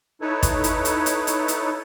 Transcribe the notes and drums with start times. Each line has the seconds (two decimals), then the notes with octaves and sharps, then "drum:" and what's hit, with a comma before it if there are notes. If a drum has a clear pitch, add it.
0.21 D#4 E4 A4 B4 C#5
0.43 drum: kick, hi-hat
0.64 drum: hi-hat
0.85 drum: hi-hat
1.06 drum: hi-hat
1.27 drum: hi-hat
1.48 drum: hi-hat